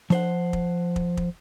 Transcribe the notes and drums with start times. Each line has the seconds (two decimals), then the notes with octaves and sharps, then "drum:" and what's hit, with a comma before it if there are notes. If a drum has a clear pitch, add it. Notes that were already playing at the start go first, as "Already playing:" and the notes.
0.10 F3 C5 F#5, drum: snare D4
0.53 drum: kick
0.96 drum: kick
1.17 drum: kick